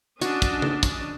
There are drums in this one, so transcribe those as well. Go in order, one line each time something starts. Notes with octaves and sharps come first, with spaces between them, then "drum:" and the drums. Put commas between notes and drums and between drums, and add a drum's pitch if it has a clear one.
C#4 D4 F#4 D#5, drum: hi-hat
drum: kick, hi-hat
drum: tom
drum: kick, hi-hat